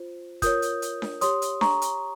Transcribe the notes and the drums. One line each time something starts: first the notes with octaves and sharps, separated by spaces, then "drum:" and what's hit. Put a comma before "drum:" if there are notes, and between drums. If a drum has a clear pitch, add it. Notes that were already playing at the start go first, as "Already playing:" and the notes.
Already playing: F4 C5
F4 A#4 C#5 D#6 G6, drum: kick, hi-hat
drum: hi-hat
drum: hi-hat
drum: snare D4
G4 C#5 C6 D#6, drum: hi-hat
drum: hi-hat
A#5 C#6, drum: snare D4
drum: hi-hat